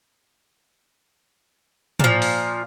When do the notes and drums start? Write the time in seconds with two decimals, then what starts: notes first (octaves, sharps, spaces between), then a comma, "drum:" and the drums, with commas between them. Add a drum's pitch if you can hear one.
1.99 A#2 F3, drum: tom
2.22 drum: open hi-hat